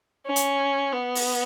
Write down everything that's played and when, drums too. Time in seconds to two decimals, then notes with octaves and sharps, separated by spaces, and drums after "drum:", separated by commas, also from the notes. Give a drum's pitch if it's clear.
0.27 C#4
0.36 drum: hi-hat
0.93 B3
1.15 drum: open hi-hat